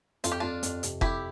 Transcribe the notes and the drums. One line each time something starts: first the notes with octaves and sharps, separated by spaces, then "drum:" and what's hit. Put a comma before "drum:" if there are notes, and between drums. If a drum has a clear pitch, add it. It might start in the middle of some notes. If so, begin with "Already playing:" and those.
F2 F4, drum: hi-hat
G4
F2 D4 F4
F2, drum: hi-hat
C3, drum: hi-hat
F2 E4 G4, drum: kick F1